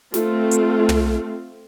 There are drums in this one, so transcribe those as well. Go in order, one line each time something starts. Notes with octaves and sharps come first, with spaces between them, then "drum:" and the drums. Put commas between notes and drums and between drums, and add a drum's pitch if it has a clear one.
A3 C4 F4, drum: snare
drum: hi-hat
drum: tom